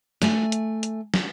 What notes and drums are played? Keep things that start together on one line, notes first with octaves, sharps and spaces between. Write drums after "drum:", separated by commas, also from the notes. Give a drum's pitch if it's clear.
A3 G#5, drum: snare
drum: hi-hat
drum: hi-hat
drum: snare